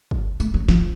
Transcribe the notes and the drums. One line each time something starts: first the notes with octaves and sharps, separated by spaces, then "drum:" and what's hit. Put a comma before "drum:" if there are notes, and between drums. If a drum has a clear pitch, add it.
drum: kick
A3, drum: tambourine
F#3
F3, drum: snare